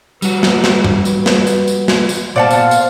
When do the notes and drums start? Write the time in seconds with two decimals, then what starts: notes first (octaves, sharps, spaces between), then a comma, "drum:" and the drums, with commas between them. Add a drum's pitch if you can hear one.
0.22 G3 F#4 B4, drum: tambourine
0.43 drum: snare
0.64 drum: snare
0.84 drum: tom G2
1.05 drum: tambourine
1.26 drum: snare
1.47 drum: tambourine
1.67 drum: tambourine
1.88 drum: snare
2.09 drum: tambourine
2.36 A#2 B3 C5 D5 F5 F#5 A5
2.50 drum: tambourine
2.71 drum: tambourine